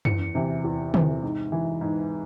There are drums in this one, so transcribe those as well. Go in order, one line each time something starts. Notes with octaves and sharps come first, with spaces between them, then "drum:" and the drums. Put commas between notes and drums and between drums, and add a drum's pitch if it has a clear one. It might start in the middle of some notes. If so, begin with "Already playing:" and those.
E2 C#7, drum: tom F#2
C3 E3
E2
C3 E3, drum: tom D3
G#2
E3
G#2